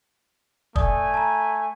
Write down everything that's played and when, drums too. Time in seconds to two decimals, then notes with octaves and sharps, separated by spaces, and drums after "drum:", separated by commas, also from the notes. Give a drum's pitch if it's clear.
0.76 A3 D5 G#5 D#6, drum: kick
1.14 A5 A#5